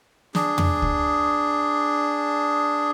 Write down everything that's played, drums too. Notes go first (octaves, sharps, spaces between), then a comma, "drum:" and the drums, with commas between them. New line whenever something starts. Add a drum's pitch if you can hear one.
D4 G#4, drum: snare
drum: tom
drum: kick C#2